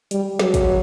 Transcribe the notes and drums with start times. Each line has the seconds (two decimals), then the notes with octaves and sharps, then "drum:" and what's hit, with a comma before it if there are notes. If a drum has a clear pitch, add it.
0.11 G3, drum: hi-hat
0.39 F#3, drum: snare
0.54 drum: kick, hi-hat